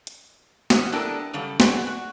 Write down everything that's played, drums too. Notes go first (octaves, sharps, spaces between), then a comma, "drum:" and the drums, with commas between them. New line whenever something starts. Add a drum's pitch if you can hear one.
drum: hi-hat
E3 B3 C#4, drum: snare
B3 D4 E4 G4 A4 A#4
F#2 C#3 G3 A4
F#3 C4 F#4 G#4 D5, drum: snare
F#4